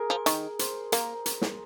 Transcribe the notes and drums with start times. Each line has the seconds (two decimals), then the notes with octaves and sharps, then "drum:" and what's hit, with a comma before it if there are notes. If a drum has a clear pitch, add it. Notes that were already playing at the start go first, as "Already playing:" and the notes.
Already playing: G#4 A#4
0.10 F3
0.26 D#3, drum: hi-hat
0.59 C5, drum: hi-hat
0.92 A#3 A#4, drum: hi-hat
1.26 A#4, drum: hi-hat
1.42 drum: snare